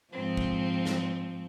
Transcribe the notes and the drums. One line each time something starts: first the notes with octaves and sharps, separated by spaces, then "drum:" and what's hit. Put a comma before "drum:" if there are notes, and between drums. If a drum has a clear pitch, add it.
G#2 F3 C4
drum: kick
drum: snare